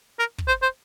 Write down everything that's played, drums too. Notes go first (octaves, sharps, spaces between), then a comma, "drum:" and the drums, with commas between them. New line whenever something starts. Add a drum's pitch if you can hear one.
A#4
drum: kick
C5
C5